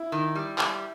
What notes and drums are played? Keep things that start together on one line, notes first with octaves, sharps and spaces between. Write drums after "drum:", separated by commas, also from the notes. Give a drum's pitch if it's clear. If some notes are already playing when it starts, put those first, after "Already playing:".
Already playing: E4
D#3
G3
G3, drum: clap